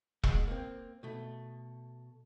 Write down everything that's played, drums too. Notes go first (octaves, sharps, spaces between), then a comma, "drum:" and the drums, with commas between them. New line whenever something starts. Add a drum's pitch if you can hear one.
D#2 B2 G#3, drum: kick E1
A#3 C4
B2 A3